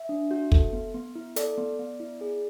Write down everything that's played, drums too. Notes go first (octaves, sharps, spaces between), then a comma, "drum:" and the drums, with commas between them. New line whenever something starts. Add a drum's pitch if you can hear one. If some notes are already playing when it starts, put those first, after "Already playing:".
Already playing: E5
D4
F#4
A4, drum: kick
B3
B3
E4
A4 D5, drum: hi-hat
B3
B3
E4
G#4